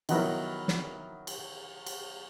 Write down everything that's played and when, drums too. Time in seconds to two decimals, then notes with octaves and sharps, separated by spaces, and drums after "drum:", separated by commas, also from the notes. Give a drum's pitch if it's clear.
0.09 D#3 F#3 B3 E4 A#4, drum: cymbal
0.68 drum: snare
1.27 drum: cymbal
1.86 drum: cymbal